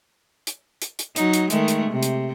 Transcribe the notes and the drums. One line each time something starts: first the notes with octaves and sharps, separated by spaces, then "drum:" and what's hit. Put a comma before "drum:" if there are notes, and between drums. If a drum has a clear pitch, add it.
drum: hi-hat
drum: hi-hat
drum: hi-hat
F#3 D#4, drum: hi-hat
drum: hi-hat
D#3 G#3 A3, drum: hi-hat
drum: hi-hat
C3
drum: hi-hat